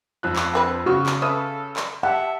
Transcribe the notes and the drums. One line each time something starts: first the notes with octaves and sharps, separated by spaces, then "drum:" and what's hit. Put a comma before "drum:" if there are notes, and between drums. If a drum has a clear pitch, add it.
F2 F3 F#6
drum: clap
D3 C4 B4
C#3 F#4 C#6
drum: clap
C#4 A4 B4 E5 D#6
drum: clap
G4 E5 F#5 A5